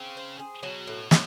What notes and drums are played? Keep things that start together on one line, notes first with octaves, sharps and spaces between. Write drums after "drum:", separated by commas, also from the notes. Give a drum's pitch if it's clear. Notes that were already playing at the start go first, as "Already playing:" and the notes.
Already playing: C#3 C4
C5
G#4
B2 F#3
A2
A2, drum: snare